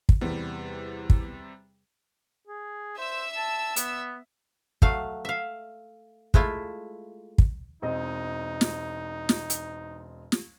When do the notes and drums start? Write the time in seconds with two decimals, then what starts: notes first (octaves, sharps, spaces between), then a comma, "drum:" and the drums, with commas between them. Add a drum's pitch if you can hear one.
0.09 drum: kick
0.21 E2 C3 G3
1.10 drum: kick
2.47 G#4
2.98 C5 E5 E6
3.37 A5
3.76 B3, drum: hi-hat
4.82 F#3 A3 F5, drum: kick
5.25 E5 F5
6.34 G#3 A3 E4 F4, drum: kick
7.38 drum: kick
7.82 E1 C4 D#4 D#5
8.61 drum: snare
9.29 drum: snare
9.50 drum: hi-hat
10.32 drum: snare